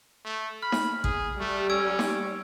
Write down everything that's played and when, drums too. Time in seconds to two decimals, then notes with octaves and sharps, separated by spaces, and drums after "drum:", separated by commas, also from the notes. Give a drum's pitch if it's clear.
0.24 A3
0.63 B5 F6
0.72 drum: snare D#4
1.04 G#4, drum: kick
1.40 G3 A3
1.70 C#4 E6 G#6 D7
1.99 drum: snare D#4